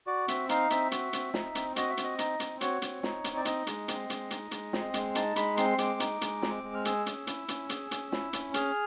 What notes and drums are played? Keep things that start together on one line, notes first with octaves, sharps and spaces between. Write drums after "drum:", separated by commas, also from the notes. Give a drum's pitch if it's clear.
F#4 D5
C4 E5, drum: hi-hat
D#4 F5, drum: hi-hat
C4 E5, drum: hi-hat
F#4, drum: hi-hat
C4, drum: hi-hat
D#4, drum: snare
C4, drum: hi-hat
F#4 D#5, drum: hi-hat
E5
C4, drum: hi-hat
D#5
D#4, drum: hi-hat
C4, drum: hi-hat
F#4 C#5, drum: hi-hat
C4, drum: hi-hat
D#4, drum: snare
C4, drum: hi-hat
D5
D#4 D#5, drum: hi-hat
G#3, drum: hi-hat
C4, drum: hi-hat
G#3, drum: hi-hat
D#4, drum: hi-hat
G#3, drum: hi-hat
C4, drum: snare
G#3, drum: hi-hat
D#4 A5, drum: hi-hat
G#3 B5, drum: hi-hat
C4 C6, drum: hi-hat
G#3 D6, drum: hi-hat
D#4, drum: hi-hat
G#3, drum: hi-hat
C4, drum: snare
G#3
F6
G#4 E6, drum: hi-hat
C#4, drum: hi-hat
E4, drum: hi-hat
C#4, drum: hi-hat
G#4, drum: hi-hat
C#4, drum: hi-hat
E4, drum: snare
C#4, drum: hi-hat
G#4 F6, drum: hi-hat